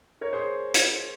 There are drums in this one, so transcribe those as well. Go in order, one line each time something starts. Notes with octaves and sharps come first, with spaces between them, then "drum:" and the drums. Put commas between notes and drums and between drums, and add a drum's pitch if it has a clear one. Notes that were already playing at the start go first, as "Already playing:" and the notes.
A#4 C#5
G#4 C5
drum: hi-hat